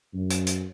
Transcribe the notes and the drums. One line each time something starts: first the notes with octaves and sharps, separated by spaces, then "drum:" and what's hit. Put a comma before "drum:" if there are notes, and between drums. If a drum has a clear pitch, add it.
F#2
drum: hi-hat
drum: hi-hat